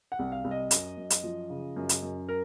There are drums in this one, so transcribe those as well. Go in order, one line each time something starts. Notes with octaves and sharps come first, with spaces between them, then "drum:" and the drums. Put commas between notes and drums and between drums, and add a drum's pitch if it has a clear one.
F#5
C2
F5
C2
D#5
F#2, drum: hi-hat
F#2
drum: hi-hat
F3
C#3
F#2
drum: hi-hat
F#2
A#4